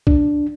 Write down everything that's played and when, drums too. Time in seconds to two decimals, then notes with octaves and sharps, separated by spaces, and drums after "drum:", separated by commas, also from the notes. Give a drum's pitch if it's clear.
0.07 D4, drum: kick B1